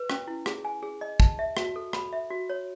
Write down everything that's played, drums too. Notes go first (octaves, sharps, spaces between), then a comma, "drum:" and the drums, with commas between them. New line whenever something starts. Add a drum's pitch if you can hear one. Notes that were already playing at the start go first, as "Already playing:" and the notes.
Already playing: B4
C#4, drum: rim click
E4
G#4, drum: rim click
G#5
G#4
D#5
A5, drum: kick
E5
F#4, drum: rim click
A4
B5, drum: rim click
E5
F#4
C#5